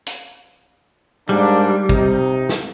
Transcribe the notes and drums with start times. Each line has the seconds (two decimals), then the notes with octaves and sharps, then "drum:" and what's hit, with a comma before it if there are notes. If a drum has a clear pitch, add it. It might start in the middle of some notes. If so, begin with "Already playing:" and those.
0.06 drum: hi-hat
1.29 G#2 G3 A#3 D4
1.89 C3 D#4, drum: kick
2.49 drum: snare